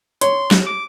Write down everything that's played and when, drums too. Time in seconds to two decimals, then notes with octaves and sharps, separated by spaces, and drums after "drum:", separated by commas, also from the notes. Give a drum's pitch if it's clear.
0.21 C#5 C6, drum: hi-hat
0.51 drum: snare
0.67 D6